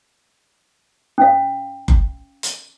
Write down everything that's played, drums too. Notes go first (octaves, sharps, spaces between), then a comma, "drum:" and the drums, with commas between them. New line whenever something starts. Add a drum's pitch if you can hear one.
C#4 F5
drum: kick F#1
drum: hi-hat